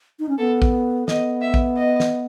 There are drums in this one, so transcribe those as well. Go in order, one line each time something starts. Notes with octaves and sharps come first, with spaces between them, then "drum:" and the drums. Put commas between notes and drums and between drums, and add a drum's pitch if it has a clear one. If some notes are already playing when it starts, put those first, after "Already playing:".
D#4
C#4
B3 A4
drum: kick
B3 D#5, drum: snare
E5
drum: kick
D#5
drum: snare